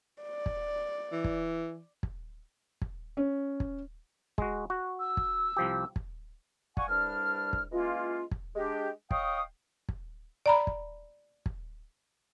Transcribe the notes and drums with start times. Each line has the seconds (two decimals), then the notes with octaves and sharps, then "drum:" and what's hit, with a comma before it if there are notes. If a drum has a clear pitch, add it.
0.23 D5
0.46 drum: kick
1.12 E3
1.24 drum: kick
2.03 drum: kick
2.82 drum: kick
3.17 C#4
3.60 drum: kick
4.38 G#3 F#4, drum: kick
4.70 F#4
5.00 E6
5.17 drum: kick
5.56 C2 F3 G4
5.96 drum: kick
6.77 D5 F5 F#5 G#5 C#6, drum: kick
6.89 C2 G2 G3 D4 F6
7.53 drum: kick
7.72 E3 G#3 A#3 C#4 F4
8.31 drum: kick
8.55 G#3 D4 G4
9.11 C#5 D#5 F5 G5 C#6 D#6, drum: kick
9.89 drum: kick
10.46 D5 A#5 B5
10.67 drum: kick
11.46 drum: kick